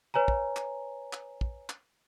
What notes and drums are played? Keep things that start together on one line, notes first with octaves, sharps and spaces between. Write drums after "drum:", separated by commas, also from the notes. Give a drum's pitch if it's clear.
B4 C#5 G#5 A#5
drum: kick
drum: clap
drum: clap
drum: kick
drum: clap